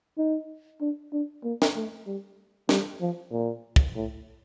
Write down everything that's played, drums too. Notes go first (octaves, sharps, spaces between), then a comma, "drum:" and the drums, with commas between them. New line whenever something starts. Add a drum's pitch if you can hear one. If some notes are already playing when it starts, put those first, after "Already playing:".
D#4
D4
D4
A#3
drum: snare
A3
G3
G3, drum: snare
F3
A#2
drum: kick
A2